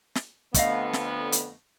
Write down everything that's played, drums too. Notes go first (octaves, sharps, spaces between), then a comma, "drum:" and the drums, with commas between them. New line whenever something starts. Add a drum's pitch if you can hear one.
drum: snare
F2 D3 A3 B3 D#5 F5, drum: kick, hi-hat
drum: snare
drum: hi-hat